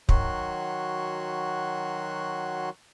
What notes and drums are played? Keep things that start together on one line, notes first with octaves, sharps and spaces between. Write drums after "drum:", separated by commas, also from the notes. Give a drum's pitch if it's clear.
D#3 F#3 F#4 C#5 C6 F#6, drum: kick